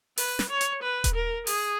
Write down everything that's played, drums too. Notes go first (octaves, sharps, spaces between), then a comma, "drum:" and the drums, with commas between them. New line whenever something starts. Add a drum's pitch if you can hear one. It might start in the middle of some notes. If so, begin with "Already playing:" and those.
B4, drum: open hi-hat
drum: snare
C#5
drum: hi-hat
B4
drum: kick D#1, hi-hat
A#4
G#4, drum: open hi-hat